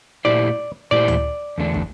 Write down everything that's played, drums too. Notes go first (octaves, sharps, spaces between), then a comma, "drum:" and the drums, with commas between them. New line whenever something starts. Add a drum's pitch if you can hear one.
A#2 A3 E4 G4 C5 D5
A#2 A3 E4 G4 C5 D5
drum: tom D2
E2 D3 A3 D4
drum: kick